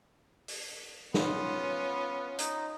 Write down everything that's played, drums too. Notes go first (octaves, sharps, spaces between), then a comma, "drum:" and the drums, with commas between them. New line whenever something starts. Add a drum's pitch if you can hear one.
drum: open hi-hat
B3 C#4 F4, drum: snare
D#4, drum: hi-hat